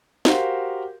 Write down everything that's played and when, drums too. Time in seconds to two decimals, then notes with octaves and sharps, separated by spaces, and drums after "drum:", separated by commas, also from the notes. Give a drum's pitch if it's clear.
0.25 F#4 G4 A#4 C5 F5, drum: snare